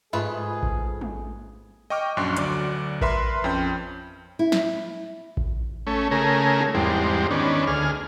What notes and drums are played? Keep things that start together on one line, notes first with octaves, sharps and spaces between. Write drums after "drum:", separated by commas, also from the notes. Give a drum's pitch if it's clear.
G#2 A3 F4 G#4 B4
drum: kick A1
drum: tom
D#5 G5 C#6 D6 F6
A#1 F#2 D4 C6 C#6 F#6
D2 F#3 D5 D6, drum: hi-hat
A#4 B4 E5 B5 C6, drum: kick A1
F2 C#4 G5 G6
E4
drum: snare
drum: kick A1
A3 C#4
C#3 A3 G#4 A#4
drum: tom
E2 G#2 G3 C4
D#3 B3 C#4 D4
D2 G#4 F6